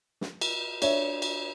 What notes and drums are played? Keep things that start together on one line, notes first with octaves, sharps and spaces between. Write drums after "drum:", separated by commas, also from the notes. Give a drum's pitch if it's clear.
drum: snare
drum: cymbal
D4 C#5 E5, drum: cymbal
drum: cymbal